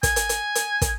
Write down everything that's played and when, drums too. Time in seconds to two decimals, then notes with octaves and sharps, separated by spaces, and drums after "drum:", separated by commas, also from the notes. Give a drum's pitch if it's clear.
0.03 G#5, drum: kick, hi-hat
0.16 drum: hi-hat
0.29 drum: hi-hat
0.55 drum: hi-hat
0.82 drum: kick, hi-hat